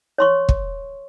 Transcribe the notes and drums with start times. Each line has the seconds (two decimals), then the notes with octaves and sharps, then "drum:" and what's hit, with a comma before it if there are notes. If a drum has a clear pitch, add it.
0.18 C#5 C6 C#6
0.49 drum: kick